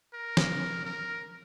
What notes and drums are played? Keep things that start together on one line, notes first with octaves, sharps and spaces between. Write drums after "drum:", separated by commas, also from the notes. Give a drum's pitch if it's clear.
A#4
drum: snare
A#4